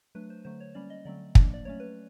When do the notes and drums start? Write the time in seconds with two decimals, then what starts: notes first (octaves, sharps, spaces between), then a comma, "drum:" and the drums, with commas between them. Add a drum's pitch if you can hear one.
0.15 F#3 A3 D4 B4
0.30 C5
0.45 D3 F#3 A3 C5
0.60 C#5
0.75 G3 A#3 C#4 D5
0.90 D#5
1.05 D3 F#3 A3 C4 D5
1.35 F3 A#3 D4, drum: kick
1.54 D5
1.65 F#3 A3 C#4 C#5
1.80 B4